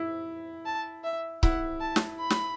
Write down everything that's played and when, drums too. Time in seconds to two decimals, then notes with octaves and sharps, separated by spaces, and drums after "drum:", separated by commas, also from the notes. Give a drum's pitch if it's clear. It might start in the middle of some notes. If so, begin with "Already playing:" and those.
Already playing: E4
0.66 A5
1.04 E5
1.43 E4 F#5, drum: kick C#1
1.81 A5
1.96 drum: snare
2.20 B5
2.30 drum: snare